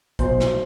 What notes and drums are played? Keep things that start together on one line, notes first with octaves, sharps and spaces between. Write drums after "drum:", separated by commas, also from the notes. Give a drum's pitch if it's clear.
B1 C5, drum: kick, hi-hat
drum: snare